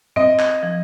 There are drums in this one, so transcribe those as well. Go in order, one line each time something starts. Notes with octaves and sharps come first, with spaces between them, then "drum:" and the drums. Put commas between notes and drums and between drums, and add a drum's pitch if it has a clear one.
C4 D#5, drum: tom A2
drum: clap
F3